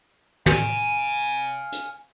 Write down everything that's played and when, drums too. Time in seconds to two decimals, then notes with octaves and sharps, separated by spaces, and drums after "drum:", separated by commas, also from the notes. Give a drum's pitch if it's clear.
0.46 F5 G#5, drum: tom
1.72 drum: hi-hat